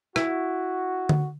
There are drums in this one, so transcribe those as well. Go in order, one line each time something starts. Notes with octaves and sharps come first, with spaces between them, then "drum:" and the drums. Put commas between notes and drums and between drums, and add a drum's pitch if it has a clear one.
E4 F#4, drum: rim click
drum: tom D3